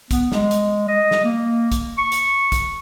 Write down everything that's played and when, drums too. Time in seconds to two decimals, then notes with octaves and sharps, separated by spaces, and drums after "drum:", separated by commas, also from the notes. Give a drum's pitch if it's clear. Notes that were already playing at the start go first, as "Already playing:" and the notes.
0.11 B3, drum: kick, hi-hat
0.32 G#3, drum: snare
0.51 drum: hi-hat
0.88 D#5
1.11 drum: snare
1.24 A#3
1.72 drum: kick, hi-hat
1.98 C#6
2.12 drum: hi-hat
2.52 drum: kick, hi-hat